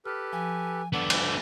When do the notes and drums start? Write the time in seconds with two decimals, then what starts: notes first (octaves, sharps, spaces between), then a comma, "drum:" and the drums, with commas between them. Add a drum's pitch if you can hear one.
0.06 G4 A4 B4 F6
0.33 F3 G#5
0.93 B3 D4 A4 F#5 D6
1.10 drum: cymbal